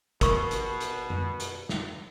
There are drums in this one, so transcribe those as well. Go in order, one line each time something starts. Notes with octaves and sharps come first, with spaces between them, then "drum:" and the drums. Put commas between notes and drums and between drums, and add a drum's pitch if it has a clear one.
B2 A#4 C#6, drum: kick, hi-hat
drum: hi-hat
drum: hi-hat
drum: tom F#2
drum: hi-hat
drum: snare